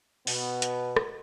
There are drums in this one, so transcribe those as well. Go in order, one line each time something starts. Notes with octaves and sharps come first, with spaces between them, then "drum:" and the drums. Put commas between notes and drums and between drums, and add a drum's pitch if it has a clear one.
B2 B3, drum: open hi-hat
drum: hi-hat
drum: rim click